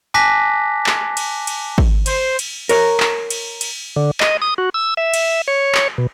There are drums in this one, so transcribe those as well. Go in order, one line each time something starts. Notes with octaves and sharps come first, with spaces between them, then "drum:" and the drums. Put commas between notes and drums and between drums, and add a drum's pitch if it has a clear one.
G#5 A5 D6 F#6 A#6 B6
drum: clap
drum: cymbal
drum: cymbal
drum: kick
C5, drum: cymbal
drum: cymbal
A#4 C#5, drum: cymbal
drum: clap
drum: cymbal
drum: cymbal
D3
D#5, drum: clap
D#6
F#4
E6
E5
drum: cymbal
C#5
drum: clap
B2